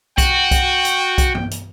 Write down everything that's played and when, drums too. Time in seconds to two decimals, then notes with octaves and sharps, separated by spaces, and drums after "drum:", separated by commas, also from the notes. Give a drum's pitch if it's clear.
0.18 F#4 G5, drum: kick B1, hi-hat
0.51 drum: kick B1, hi-hat
0.85 drum: hi-hat
1.18 drum: kick B1, hi-hat
1.35 drum: tom
1.51 drum: hi-hat